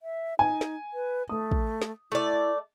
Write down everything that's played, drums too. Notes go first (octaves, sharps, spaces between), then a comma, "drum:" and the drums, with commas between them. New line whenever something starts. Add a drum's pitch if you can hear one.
E5
D#4 G#5
drum: snare
B4
A3 D#6
drum: kick
drum: snare
A3 E4 D5